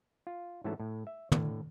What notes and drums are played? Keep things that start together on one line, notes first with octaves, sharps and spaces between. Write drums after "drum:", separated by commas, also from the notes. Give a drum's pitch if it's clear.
F4
G#2 E3 F#3 A3 C#4 A5
A2
E5
A2 D3, drum: tom